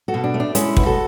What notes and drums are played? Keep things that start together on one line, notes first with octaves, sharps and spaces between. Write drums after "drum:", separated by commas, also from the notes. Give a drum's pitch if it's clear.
F#4 A4
B2
D4
A3
D4
G#3 C#4 E4, drum: hi-hat
B2, drum: kick
F#4 A4